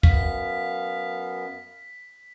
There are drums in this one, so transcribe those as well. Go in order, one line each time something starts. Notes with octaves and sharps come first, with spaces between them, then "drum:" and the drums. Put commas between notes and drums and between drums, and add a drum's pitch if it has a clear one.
F#2 B3 F5 B6, drum: kick